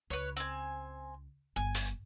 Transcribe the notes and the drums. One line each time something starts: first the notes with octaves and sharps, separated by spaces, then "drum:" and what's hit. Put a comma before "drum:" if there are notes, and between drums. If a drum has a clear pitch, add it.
C#2 B4 C#5
C4 G#5
G1 G#5
drum: open hi-hat